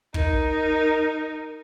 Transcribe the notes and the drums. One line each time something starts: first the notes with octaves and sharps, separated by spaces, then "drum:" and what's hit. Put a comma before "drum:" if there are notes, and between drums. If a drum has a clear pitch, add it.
D#4 A#4, drum: kick